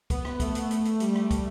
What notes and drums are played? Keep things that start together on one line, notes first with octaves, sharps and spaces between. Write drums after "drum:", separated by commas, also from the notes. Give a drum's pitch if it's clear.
B3, drum: kick, hi-hat
drum: rim click
A3, drum: kick, hi-hat
drum: hi-hat
A3, drum: hi-hat
drum: hi-hat
G3, drum: hi-hat
drum: rim click
drum: kick, hi-hat